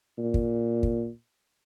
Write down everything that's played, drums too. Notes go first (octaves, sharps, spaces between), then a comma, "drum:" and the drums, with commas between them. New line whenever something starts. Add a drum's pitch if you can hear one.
A#2
drum: kick
drum: kick